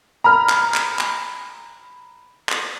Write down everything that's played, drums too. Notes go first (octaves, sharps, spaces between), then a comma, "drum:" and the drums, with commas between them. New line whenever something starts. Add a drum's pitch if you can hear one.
A#5 B5 F6
drum: clap
drum: clap
drum: clap
drum: clap